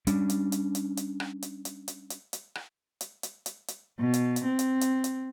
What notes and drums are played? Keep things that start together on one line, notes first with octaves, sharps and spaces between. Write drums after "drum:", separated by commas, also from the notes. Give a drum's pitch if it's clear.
G3 C#4 D4, drum: hi-hat
drum: hi-hat
drum: hi-hat
drum: hi-hat
drum: hi-hat
drum: rim click
drum: hi-hat
drum: hi-hat
drum: hi-hat
drum: hi-hat
drum: hi-hat
drum: rim click
drum: hi-hat
drum: hi-hat
drum: hi-hat
drum: hi-hat
B2
drum: hi-hat
drum: hi-hat
C4
drum: hi-hat
drum: hi-hat
drum: hi-hat